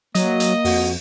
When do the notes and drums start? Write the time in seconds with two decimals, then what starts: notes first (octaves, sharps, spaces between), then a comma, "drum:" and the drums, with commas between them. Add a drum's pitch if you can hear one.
0.15 F#3 A#3 D#5, drum: hi-hat
0.40 drum: hi-hat
0.65 F2 F#4, drum: open hi-hat